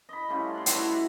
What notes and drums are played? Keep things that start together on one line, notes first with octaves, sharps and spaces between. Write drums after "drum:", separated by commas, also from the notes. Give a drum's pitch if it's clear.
D#5 B5
G3 A3 C#4 F4
D5 F#5 C6
D4 E4 F#4 B4, drum: hi-hat
E4